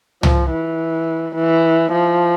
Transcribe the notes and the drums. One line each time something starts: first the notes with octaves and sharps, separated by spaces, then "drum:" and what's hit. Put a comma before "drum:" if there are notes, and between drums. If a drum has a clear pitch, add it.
F3, drum: tom
E3
E3
F3